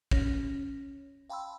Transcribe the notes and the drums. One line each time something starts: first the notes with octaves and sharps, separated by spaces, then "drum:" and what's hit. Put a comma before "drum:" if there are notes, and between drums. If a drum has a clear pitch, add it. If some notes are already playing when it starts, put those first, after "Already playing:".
C#4 C#5 A#6, drum: kick
F5 G5 A5 B5 C6 E6